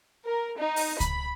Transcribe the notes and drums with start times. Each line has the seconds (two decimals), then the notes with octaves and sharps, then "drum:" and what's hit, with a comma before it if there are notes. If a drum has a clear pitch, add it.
0.25 A#4
0.59 D#4
0.76 drum: open hi-hat
1.00 B5, drum: kick C#2, hi-hat